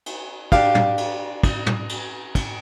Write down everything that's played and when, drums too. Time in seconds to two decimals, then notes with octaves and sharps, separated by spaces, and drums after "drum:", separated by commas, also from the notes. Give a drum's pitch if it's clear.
0.06 drum: cymbal
0.52 D4 G4 F5, drum: kick, cymbal
0.75 drum: tom
0.98 drum: cymbal
1.43 drum: kick, cymbal
1.66 drum: tom
1.89 drum: cymbal
2.35 drum: kick, cymbal